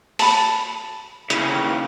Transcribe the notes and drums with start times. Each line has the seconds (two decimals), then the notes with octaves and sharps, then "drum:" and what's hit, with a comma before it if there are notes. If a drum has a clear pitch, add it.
0.19 A5 B5, drum: open hi-hat
1.30 D#2 C#3 E4, drum: hi-hat